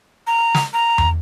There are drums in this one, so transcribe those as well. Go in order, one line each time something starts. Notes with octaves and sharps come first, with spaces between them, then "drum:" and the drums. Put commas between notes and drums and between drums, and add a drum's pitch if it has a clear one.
A#5
drum: snare
A#5
drum: tom E2